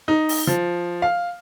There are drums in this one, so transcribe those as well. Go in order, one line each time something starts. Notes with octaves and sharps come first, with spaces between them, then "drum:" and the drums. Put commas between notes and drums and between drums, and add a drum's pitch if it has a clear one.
D#4
drum: open hi-hat
F3
F5